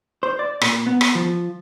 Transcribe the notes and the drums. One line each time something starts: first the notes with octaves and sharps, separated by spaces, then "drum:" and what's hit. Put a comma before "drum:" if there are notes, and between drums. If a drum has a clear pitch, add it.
C5
D5
A#2, drum: rim click
B3
drum: rim click
F3